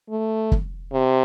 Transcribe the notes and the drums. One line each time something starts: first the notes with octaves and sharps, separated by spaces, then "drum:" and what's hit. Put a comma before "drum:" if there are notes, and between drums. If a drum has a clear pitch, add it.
A3
drum: kick
C3